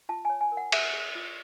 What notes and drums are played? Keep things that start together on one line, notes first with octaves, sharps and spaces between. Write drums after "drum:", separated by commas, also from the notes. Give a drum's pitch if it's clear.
F4 A5
C#5 G#5
G#5
A#4
F#5
G#4 E5, drum: cymbal
G#4
F4